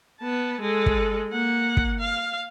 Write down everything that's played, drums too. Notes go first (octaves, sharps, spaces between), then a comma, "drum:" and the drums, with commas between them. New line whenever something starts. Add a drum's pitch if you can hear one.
B3 A5
G#3 A4
drum: kick
A#3 F#5
drum: kick
F5